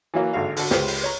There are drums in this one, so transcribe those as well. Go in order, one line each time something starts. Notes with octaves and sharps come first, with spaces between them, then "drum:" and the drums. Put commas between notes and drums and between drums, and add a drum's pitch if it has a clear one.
E3 F#3 A#3
G#1 D3 F#4 F5
D3 F#4 A4, drum: open hi-hat
C#2 G4 B4 C5 C6, drum: snare
drum: open hi-hat
C#5 A#5